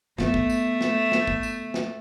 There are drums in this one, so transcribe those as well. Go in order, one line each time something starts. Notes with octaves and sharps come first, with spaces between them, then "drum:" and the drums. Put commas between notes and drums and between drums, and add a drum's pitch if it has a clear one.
A3 B3, drum: snare
drum: kick
drum: tambourine
drum: snare
drum: snare
drum: kick
drum: tambourine
drum: snare